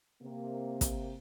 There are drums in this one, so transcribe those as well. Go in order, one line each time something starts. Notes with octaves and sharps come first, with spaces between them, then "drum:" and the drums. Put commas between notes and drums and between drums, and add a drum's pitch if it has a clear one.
C3 A#3
drum: kick, hi-hat